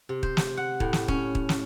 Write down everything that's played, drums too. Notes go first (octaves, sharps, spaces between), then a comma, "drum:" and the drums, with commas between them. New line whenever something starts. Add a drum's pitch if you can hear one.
C3
C5, drum: kick
drum: snare
F#5
A2, drum: kick
drum: snare
C#4, drum: kick
drum: kick
drum: snare